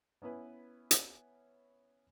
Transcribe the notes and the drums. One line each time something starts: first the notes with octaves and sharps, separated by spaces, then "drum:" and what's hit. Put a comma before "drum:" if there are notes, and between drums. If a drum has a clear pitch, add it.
B3 C#4 E4 B4
drum: hi-hat